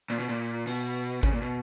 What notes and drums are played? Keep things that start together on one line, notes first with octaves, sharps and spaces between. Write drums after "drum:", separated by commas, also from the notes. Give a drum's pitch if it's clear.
A#2, drum: hi-hat
B2
A#2
B2, drum: open hi-hat
C#3, drum: kick G#1, hi-hat
A#2
B2